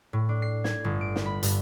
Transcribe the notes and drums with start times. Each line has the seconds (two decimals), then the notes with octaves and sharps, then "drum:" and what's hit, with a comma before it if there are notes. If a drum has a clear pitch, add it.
0.13 A2
0.29 D4
0.42 C7
0.64 G#6, drum: snare
0.84 G1
1.01 D7
1.16 drum: snare
1.26 B5
1.43 G2, drum: hi-hat